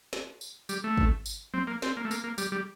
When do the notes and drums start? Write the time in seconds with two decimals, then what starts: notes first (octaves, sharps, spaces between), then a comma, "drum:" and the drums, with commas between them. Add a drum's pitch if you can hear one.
0.13 drum: snare
0.41 drum: tambourine
0.69 G3, drum: tambourine
0.84 A3
0.97 drum: kick
1.26 drum: tambourine
1.54 C4, drum: tom F3
1.67 A#3
1.82 C4, drum: snare
1.97 A#3
2.05 A3
2.11 A#3, drum: tambourine
2.24 A#3
2.38 G3, drum: tambourine
2.52 G3